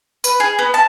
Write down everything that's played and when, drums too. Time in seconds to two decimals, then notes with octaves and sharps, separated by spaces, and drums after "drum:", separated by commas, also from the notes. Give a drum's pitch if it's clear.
0.24 B4, drum: tambourine
0.40 G#4
0.59 B3
0.74 A5